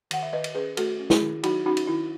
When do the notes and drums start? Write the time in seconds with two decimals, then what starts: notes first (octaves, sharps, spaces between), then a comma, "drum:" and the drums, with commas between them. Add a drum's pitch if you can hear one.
0.11 D#3 F#5, drum: cymbal
0.23 E5
0.33 D#3 B4 D#5
0.44 drum: cymbal
0.55 C#4 G#4 B4
0.77 A3 F#4 A4, drum: cymbal
0.99 C#4
1.10 E4 G#4, drum: snare
1.21 D#3
1.43 F#3 D#4 F#4, drum: cymbal
1.65 C#4 D#4 F#4
1.77 drum: cymbal
1.87 D#3 E4